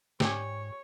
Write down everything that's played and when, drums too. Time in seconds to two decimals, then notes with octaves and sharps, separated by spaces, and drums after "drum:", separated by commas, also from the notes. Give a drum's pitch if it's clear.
0.20 G#2 G4 C#5 G#5, drum: snare